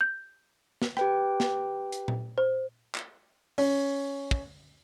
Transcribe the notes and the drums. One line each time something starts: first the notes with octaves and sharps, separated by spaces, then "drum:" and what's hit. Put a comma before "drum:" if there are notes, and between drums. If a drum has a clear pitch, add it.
G6
drum: snare
G4 B4 G5, drum: rim click
drum: snare
drum: hi-hat
drum: tom A#2
C5
drum: clap
C#4, drum: open hi-hat
drum: kick